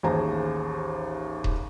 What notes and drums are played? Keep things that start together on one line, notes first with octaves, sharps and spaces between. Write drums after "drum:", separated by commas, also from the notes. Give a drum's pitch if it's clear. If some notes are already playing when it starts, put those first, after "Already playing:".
A1 D#2 G#4 C5 A5 A#5
drum: kick D#1